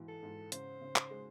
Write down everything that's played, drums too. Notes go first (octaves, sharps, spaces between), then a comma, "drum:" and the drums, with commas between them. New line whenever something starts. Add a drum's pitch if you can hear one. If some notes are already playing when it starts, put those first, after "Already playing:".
Already playing: G#2 E3
A4
G#2
C#3 C5, drum: hi-hat
C#3
drum: clap
G#3